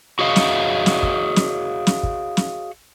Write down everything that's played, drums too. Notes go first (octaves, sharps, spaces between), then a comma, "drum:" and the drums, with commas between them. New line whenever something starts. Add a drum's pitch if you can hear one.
F#4 G#4 C#5 D#5 F5
drum: snare
drum: snare
drum: kick
drum: snare
drum: snare
drum: kick
drum: snare